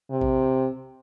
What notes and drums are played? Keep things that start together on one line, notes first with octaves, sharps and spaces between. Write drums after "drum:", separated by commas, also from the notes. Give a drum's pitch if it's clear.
C3
drum: kick